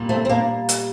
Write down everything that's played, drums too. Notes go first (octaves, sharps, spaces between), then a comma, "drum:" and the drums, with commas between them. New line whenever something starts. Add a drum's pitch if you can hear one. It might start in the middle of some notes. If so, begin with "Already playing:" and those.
Already playing: A#2 G3
A3 C4
C4
A#3 D4
drum: hi-hat